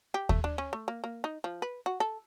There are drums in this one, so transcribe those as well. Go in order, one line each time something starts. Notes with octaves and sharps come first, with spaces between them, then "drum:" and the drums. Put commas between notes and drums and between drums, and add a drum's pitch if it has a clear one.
G4
A3, drum: kick D#2
D4
C#4
A3
A#3
A#3
D#4
F3
B4
F#4
A4